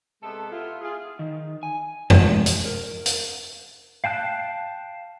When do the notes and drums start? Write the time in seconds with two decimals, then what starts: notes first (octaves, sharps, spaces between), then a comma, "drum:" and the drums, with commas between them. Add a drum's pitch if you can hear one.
0.23 C3 G#3 B3 A4
0.52 B3 E4 F4
0.81 F4 G#4
1.19 D#3
1.63 G#5
2.10 G#3, drum: tom
2.46 drum: hi-hat
2.65 A#4
3.06 drum: hi-hat
4.04 F5 G5 A5 F#6